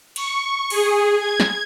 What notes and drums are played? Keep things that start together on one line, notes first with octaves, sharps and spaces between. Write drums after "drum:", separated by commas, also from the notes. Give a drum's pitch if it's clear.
C#6, drum: cymbal
G#4, drum: cymbal
G#6
drum: snare